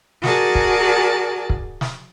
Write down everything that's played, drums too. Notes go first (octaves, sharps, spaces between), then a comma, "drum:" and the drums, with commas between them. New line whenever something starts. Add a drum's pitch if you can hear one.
F#4 G#4 A#4 D5 G#5 A5, drum: snare
drum: kick
drum: kick
drum: snare